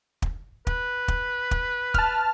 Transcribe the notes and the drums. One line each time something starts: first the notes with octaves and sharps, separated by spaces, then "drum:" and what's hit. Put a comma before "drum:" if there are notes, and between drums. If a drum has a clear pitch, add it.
drum: kick
B4, drum: kick
drum: kick
drum: kick
A5 F6, drum: kick